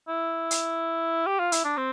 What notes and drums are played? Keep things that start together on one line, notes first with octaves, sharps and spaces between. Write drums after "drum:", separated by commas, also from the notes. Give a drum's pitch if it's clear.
E4
drum: hi-hat
G4
F4
E4, drum: hi-hat
D4
C4